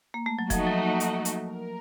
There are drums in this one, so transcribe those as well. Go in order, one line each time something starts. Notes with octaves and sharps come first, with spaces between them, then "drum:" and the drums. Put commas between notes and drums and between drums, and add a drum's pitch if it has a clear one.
A#3
A3
F#3
F3 A3 D#4 F#4, drum: kick E1, hi-hat
F#3
A#3
drum: hi-hat
drum: hi-hat
A#4